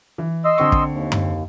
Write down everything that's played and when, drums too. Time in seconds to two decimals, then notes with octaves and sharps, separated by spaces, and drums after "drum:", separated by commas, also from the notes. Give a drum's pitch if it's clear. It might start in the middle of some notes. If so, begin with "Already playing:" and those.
0.18 E3
0.45 D#5 C6 E6
0.58 D3 C4 C#6
0.72 drum: kick
0.92 D#2
1.12 drum: tom F#2